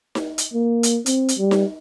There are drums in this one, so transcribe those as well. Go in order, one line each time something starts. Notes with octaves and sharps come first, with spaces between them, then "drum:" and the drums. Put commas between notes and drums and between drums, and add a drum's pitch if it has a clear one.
drum: snare D#4
drum: hi-hat
A#3
drum: hi-hat
C4, drum: hi-hat
drum: hi-hat
G3
drum: snare D#4